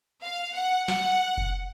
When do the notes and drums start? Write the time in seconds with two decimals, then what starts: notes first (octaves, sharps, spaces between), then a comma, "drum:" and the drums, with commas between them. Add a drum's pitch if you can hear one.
0.23 F5
0.55 F#5
0.88 F#5, drum: snare
1.37 drum: kick F1